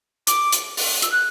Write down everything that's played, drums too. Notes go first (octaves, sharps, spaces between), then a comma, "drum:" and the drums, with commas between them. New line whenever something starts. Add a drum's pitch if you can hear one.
D6, drum: hi-hat
drum: hi-hat
drum: open hi-hat
E6, drum: hi-hat
F#6